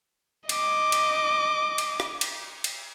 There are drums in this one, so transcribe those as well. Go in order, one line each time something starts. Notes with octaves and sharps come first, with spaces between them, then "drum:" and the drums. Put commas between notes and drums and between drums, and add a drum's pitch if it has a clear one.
D#5 D6, drum: cymbal
drum: cymbal
drum: cymbal
drum: rim click
drum: cymbal
drum: cymbal